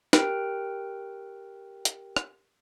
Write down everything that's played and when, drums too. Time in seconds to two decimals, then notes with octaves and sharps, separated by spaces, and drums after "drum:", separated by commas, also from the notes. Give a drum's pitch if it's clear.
0.13 G4 A#4 G5 F6 F#6 D7, drum: snare
1.85 drum: hi-hat
2.17 drum: rim click